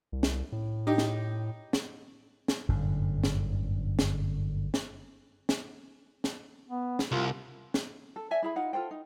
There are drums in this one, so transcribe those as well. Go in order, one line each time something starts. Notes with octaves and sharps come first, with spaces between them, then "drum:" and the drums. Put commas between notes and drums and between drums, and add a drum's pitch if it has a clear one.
C2
drum: snare
A2
D#4 G4
drum: snare
drum: snare
drum: snare
G1 F#2 A2 D3
drum: snare
drum: snare
drum: snare
drum: snare
drum: snare
B3
drum: snare
C2 F4
drum: snare
A4
D5 E5 G#5
E4 G#4 B5
D#4 F4 F#5
F4 A4 C5 G5
D#4